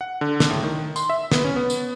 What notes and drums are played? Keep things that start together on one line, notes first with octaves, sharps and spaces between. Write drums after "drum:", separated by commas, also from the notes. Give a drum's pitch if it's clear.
F#5
D3
drum: snare
A2
D#3
C6, drum: tambourine
E5
B3, drum: snare
C#4
B3
drum: tambourine